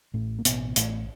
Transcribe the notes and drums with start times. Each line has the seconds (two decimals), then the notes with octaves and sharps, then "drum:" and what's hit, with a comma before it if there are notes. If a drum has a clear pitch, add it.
0.14 A1 A2 A3
0.39 A#3
0.45 A1 B2 B3, drum: hi-hat
0.76 A1 A2 A3, drum: hi-hat